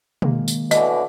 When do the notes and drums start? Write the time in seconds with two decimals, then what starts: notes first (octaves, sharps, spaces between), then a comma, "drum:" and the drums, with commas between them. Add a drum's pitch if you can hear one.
0.22 D#3 G#3 A#3, drum: tom B2
0.48 drum: tambourine
0.71 B2 D3 E3 D#5, drum: tambourine